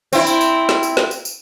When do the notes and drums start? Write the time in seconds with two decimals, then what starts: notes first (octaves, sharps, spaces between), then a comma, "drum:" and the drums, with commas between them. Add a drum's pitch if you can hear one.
0.13 C4 E4, drum: tambourine
0.27 drum: tambourine
0.41 drum: tambourine
0.69 drum: snare
0.83 drum: tambourine
0.97 drum: snare
1.11 drum: tambourine
1.25 drum: tambourine